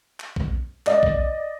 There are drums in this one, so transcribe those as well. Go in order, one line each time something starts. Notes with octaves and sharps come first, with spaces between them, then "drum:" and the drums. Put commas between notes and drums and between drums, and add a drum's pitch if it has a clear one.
drum: clap
drum: kick B1
D5 D#5, drum: clap
drum: kick B1